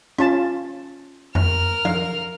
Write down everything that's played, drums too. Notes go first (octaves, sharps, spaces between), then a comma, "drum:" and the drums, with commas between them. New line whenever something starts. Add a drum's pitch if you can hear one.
C#4 F4 A5, drum: rim click
A#4 F6, drum: tom F2
F5, drum: tom F3